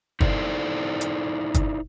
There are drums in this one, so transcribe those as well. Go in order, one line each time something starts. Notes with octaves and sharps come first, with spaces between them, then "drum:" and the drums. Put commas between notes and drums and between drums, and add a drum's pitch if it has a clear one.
D#4 E4 A4 C5 D5, drum: kick
drum: hi-hat
drum: kick, hi-hat